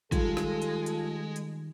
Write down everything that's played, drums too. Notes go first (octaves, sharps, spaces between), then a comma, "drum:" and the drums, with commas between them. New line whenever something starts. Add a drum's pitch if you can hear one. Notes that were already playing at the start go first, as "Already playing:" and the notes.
D#3 G3 G#3 F4 A4, drum: kick, hi-hat
drum: snare
drum: hi-hat
drum: hi-hat
drum: hi-hat